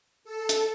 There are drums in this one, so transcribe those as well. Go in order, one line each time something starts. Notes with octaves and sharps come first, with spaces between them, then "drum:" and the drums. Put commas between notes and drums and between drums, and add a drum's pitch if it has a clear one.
A4
drum: hi-hat